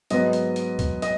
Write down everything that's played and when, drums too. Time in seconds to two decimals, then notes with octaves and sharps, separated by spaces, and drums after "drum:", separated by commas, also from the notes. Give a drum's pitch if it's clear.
0.10 G#2 F#3 B3 D#5, drum: hi-hat
0.33 drum: hi-hat
0.56 drum: hi-hat
0.79 drum: kick, hi-hat
1.02 D#5, drum: hi-hat